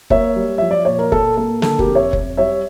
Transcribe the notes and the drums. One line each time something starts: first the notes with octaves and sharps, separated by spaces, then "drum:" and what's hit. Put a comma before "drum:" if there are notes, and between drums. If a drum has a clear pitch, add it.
A#3 C#5 E5, drum: kick
G3
F3 E5
D5
A#2 C#5
A#4
A#2 A4, drum: kick
A#3 A4
D3 A4, drum: snare
G4 A#4, drum: kick
F2
C#5 E5
F2, drum: kick
G3 C#5 E5